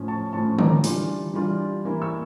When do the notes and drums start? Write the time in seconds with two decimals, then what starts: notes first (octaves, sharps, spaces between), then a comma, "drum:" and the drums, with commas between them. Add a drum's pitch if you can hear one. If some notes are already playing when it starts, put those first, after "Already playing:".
Already playing: A2 F3 C#4
0.08 A5 C#6
0.33 A2 F3 C#4 A5 C#6
0.59 A#5 D6, drum: tom D3
0.84 E3 G3 D4 F4, drum: open hi-hat
1.34 E3 G3 D4 F4
1.85 E3 A#3 E4
2.02 C#6 E6